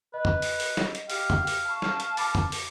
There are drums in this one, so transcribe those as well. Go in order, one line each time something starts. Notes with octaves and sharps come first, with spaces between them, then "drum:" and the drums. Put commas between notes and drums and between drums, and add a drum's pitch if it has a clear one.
B4 D#5
drum: tom F2
drum: open hi-hat
drum: open hi-hat
drum: snare
drum: hi-hat
G4 F5, drum: open hi-hat
drum: tom F2
drum: open hi-hat
A5 B5 C#6
drum: snare
drum: hi-hat
B5 D6 A6, drum: open hi-hat
drum: tom F2
drum: open hi-hat